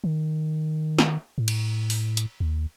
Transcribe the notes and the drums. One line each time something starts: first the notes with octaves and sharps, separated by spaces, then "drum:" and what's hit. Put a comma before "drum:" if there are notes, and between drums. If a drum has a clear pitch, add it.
D#3
drum: snare
A2
drum: cymbal
drum: open hi-hat
drum: hi-hat
D#2